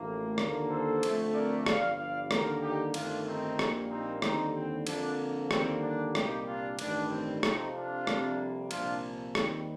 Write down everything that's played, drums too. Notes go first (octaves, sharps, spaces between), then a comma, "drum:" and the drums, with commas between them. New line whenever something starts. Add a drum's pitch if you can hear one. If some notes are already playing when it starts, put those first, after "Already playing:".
Already playing: A1 A2 F3 A#3
D#2 D3 F3 A#3, drum: rim click
A4 C5
F2 D3 F3 A3 C4, drum: cymbal
A#4 D5
G1 G2 F3 D5 F5, drum: rim click
D5 F5
D#2 D3 G3 A#3 G4 A#4, drum: rim click
D#4 G4
G1 F2 D#3 A3 C4 D4 F4, drum: cymbal
C4 D#4
A#1 A#2 G3 A#3, drum: rim click
C4 D#4
D#2 D3 G3 C4 D#4, drum: rim click
C4
F2 D3 F3 A#3 D4, drum: cymbal
D#2 D3 G3 A#3 C4, drum: rim click
D4
C2 A#2 G3 A#3 D#4 G4, drum: rim click
D4 F4
A1 G2 D#3 G3 D4, drum: cymbal
C4
F2 C3 F3 C4 D#4, drum: rim click
D4 F4
F2 C3 G3 A#3, drum: rim click
C2 A#2 F3 D4 F4, drum: cymbal
D#2 D#3 G3 C4, drum: rim click